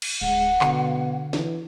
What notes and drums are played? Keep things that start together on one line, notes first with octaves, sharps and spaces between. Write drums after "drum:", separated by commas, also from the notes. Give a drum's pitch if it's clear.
drum: cymbal
D1 G#3 F#5
B2 D3, drum: clap
E3, drum: snare